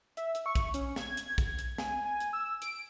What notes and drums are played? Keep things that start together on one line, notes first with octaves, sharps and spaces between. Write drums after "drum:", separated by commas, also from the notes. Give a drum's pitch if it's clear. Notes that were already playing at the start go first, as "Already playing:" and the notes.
E5, drum: hi-hat
drum: hi-hat
C#6
drum: kick, hi-hat
C#4, drum: hi-hat
G#6, drum: snare
drum: hi-hat
drum: kick, hi-hat
drum: hi-hat
G#5, drum: snare
G#5
drum: hi-hat
E6
D7, drum: hi-hat